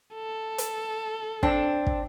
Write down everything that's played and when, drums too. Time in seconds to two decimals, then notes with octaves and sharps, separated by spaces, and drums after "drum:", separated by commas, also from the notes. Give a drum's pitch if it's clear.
0.14 A4
0.58 drum: hi-hat
1.43 C4 D4, drum: kick
1.87 drum: kick